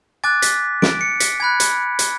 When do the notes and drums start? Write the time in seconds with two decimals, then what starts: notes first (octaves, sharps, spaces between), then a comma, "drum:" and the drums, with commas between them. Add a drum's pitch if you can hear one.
0.24 G#5 D6 F#6 A6
0.42 B6, drum: hi-hat
0.82 D7, drum: snare
1.01 C#7
1.20 B6, drum: hi-hat
1.40 G#5 B5 F#6 G#6
1.60 drum: hi-hat
1.99 drum: hi-hat